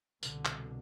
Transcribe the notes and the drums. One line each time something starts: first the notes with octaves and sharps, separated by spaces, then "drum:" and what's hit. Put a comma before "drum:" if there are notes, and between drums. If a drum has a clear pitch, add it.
C2 B2 D3, drum: tambourine
drum: clap